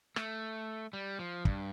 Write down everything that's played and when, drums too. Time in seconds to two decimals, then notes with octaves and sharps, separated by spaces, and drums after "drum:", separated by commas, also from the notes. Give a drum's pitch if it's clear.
0.16 A3, drum: rim click
0.93 G3
1.19 F3
1.45 G2, drum: kick